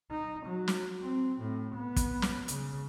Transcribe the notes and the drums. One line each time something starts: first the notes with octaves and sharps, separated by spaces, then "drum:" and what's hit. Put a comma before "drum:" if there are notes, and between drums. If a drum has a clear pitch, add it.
D#4
F#3
drum: snare
C4
A2
B3
drum: kick, hi-hat
drum: snare
C#3, drum: hi-hat